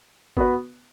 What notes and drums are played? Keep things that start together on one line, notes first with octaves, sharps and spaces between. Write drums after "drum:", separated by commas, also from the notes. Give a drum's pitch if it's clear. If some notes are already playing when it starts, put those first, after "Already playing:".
B3 F#4 B4, drum: kick